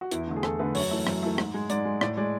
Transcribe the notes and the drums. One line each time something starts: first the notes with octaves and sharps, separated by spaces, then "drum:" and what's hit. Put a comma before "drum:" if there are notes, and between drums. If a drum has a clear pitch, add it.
F#4
E2 E4, drum: hi-hat
D3 A3
G#4
E2 A4, drum: rim click
D3 A3 B4
F#2 C#5, drum: open hi-hat
E3 A3
F#2, drum: rim click
E3 A3
G#2, drum: rim click
G#3
G#2 D5, drum: hi-hat
G#3
A2 D5, drum: rim click
G#3 D5